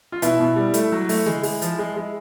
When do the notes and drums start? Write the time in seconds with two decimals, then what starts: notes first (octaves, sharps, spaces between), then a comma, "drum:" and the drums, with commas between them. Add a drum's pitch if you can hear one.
0.12 F4
0.22 B2 E4, drum: hi-hat
0.40 B2
0.56 G3
0.74 A3, drum: hi-hat
0.92 F#3
1.09 A3, drum: open hi-hat
1.26 G#3, drum: tom C#3
1.43 G#3, drum: open hi-hat
1.62 F3, drum: hi-hat
1.79 G#3
1.97 G#3